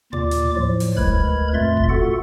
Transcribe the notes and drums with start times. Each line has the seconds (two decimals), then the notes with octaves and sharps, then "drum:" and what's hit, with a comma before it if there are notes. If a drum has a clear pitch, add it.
0.13 D#2 F4 D5 D6, drum: tom
0.31 drum: hi-hat
0.56 A2 F3 F#3
0.80 drum: open hi-hat
0.97 D2 G#3 A#4 B4 B5 G#6, drum: kick E1
1.54 F2 A#2 A3 E5 C6 A6
1.77 drum: kick E1
1.89 F4 F#4 A4 F#5